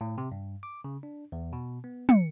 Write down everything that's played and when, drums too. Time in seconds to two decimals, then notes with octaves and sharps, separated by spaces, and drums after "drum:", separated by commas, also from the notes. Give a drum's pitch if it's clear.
0.01 A2
0.18 C3
0.32 G2
0.63 D6
0.84 C#3
1.03 D4
1.32 E2
1.53 B2
1.84 B3
2.09 C#7, drum: tom